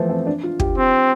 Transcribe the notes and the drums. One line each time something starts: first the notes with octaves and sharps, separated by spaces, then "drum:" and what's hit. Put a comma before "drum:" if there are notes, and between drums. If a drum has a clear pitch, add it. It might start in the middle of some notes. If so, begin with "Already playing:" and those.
Already playing: E3 F3 A3 B3 E4
C4
D4
F4
G4, drum: kick
C4